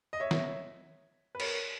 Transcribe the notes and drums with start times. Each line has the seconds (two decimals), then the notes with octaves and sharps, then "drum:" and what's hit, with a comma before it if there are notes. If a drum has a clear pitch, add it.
0.13 D#5
0.20 C#5 E5
0.31 drum: snare
1.35 B4
1.40 A#4 C#5, drum: cymbal